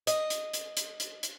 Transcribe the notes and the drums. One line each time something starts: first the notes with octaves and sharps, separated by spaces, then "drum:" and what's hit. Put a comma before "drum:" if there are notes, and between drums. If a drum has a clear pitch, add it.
D#5, drum: hi-hat
drum: hi-hat
drum: hi-hat
drum: hi-hat
drum: hi-hat
drum: hi-hat